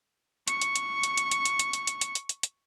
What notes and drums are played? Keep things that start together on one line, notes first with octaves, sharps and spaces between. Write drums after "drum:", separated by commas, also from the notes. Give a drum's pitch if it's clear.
C#6 C#7, drum: hi-hat
drum: hi-hat
drum: hi-hat
drum: hi-hat
drum: hi-hat
drum: hi-hat
drum: hi-hat
drum: hi-hat
drum: hi-hat
drum: hi-hat
drum: hi-hat
drum: hi-hat
drum: hi-hat
drum: hi-hat